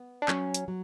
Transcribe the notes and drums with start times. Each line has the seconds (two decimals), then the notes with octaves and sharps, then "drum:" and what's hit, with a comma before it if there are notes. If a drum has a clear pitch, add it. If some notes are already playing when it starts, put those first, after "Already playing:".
Already playing: B3
0.22 D4
0.28 F#3 C#4, drum: clap
0.54 drum: hi-hat
0.68 F#3